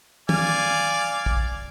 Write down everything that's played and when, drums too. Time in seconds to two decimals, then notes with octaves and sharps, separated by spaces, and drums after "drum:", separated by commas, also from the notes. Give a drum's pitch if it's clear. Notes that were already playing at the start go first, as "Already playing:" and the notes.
0.29 D5 F5 G#5, drum: tom
1.26 drum: kick